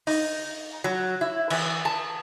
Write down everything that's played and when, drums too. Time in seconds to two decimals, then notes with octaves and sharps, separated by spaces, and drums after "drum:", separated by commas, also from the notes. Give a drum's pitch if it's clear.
0.07 D#4, drum: open hi-hat
0.84 F#3
1.21 E4
1.50 E3, drum: cymbal
1.85 A5